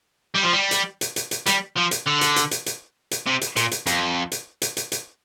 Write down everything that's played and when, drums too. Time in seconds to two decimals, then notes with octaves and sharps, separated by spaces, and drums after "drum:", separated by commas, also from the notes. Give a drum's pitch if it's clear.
0.35 G3
0.43 F3
0.52 G3
0.71 drum: hi-hat
1.01 drum: hi-hat
1.16 drum: hi-hat
1.31 drum: hi-hat
1.46 G3, drum: hi-hat
1.76 F3
1.91 drum: hi-hat
2.06 D3
2.21 drum: hi-hat
2.36 drum: hi-hat
2.51 drum: hi-hat
2.66 drum: hi-hat
3.11 drum: hi-hat
3.26 C3
3.41 drum: hi-hat
3.56 A#2, drum: hi-hat
3.71 drum: hi-hat
3.87 F2, drum: hi-hat
4.32 drum: hi-hat
4.62 drum: hi-hat
4.77 drum: hi-hat
4.92 drum: hi-hat